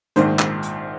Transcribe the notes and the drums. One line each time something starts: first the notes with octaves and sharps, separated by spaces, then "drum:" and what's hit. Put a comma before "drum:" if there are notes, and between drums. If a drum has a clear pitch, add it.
A#1 G#2 D#3 C5, drum: hi-hat
drum: clap
drum: hi-hat